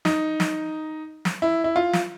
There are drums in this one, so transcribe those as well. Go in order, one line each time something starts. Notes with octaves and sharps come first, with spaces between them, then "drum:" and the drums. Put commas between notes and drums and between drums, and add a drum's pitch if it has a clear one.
D#4, drum: snare
drum: snare
drum: snare
E4
E4
F4
drum: snare